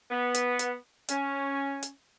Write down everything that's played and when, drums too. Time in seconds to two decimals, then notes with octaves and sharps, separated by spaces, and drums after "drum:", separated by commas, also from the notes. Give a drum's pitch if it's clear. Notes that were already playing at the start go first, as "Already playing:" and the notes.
0.10 B3
0.34 drum: hi-hat
0.59 drum: hi-hat
1.09 C#4, drum: hi-hat
1.83 drum: hi-hat